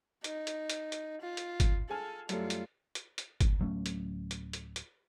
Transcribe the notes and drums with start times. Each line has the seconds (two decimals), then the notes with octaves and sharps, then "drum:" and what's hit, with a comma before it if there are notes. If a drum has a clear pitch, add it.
0.24 D#4, drum: hi-hat
0.47 drum: hi-hat
0.70 drum: hi-hat
0.92 drum: hi-hat
1.21 F4
1.37 drum: hi-hat
1.60 drum: kick, hi-hat
1.90 G#4 A4 G#5 F6
2.29 F#2 G3 A3 F4, drum: hi-hat
2.50 drum: hi-hat
2.95 drum: hi-hat
3.18 drum: hi-hat
3.41 drum: kick, hi-hat
3.59 D1 F#3 A3 C#4
3.86 drum: hi-hat
4.31 drum: hi-hat
4.53 drum: hi-hat
4.76 drum: hi-hat